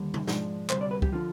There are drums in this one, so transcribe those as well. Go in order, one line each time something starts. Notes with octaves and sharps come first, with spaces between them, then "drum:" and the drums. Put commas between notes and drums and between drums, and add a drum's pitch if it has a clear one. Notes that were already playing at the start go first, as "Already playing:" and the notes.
Already playing: D#2 D3 G3
drum: tom
G#2 F3 G#3 D4, drum: snare
D2 C3 G3 C5, drum: clap
D5
B4
G4, drum: kick
D3 F3 F4